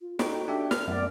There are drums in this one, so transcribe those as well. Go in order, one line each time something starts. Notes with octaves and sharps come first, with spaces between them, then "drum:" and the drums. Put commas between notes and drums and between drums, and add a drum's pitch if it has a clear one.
F4
D#4 F#4 A4 G5, drum: snare
D4 G4 E5
A#4 F6, drum: snare
F#2 A3 B3 D5